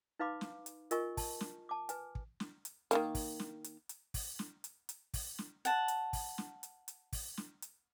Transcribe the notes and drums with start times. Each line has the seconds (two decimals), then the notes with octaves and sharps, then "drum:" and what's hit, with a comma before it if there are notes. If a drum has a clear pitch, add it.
0.19 D#4 B4 F5 B5 D6
0.41 drum: snare
0.66 drum: hi-hat
0.91 F4 A#4 D#5 G#5 C#6, drum: hi-hat
1.17 A5, drum: kick, open hi-hat
1.41 drum: snare
1.69 A5 D6
1.89 B4 G#5, drum: hi-hat
2.15 drum: kick
2.40 drum: snare
2.65 drum: hi-hat
2.91 D#3 F3 A#3, drum: hi-hat
3.15 drum: kick, open hi-hat
3.40 drum: snare
3.64 drum: hi-hat
3.89 drum: hi-hat
4.14 drum: kick, open hi-hat
4.39 drum: snare
4.64 drum: hi-hat
4.89 drum: hi-hat
5.14 drum: kick, open hi-hat
5.38 drum: snare
5.65 F#5 A5, drum: hi-hat
5.88 drum: hi-hat
6.13 drum: kick, open hi-hat
6.38 drum: snare
6.63 drum: hi-hat
6.88 drum: hi-hat
7.13 drum: kick, open hi-hat
7.37 drum: snare
7.62 drum: hi-hat